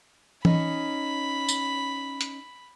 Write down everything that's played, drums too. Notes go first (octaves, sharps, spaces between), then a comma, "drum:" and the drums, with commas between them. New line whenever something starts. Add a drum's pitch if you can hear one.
C#4 D#4 B5, drum: tom E3
drum: tambourine
drum: hi-hat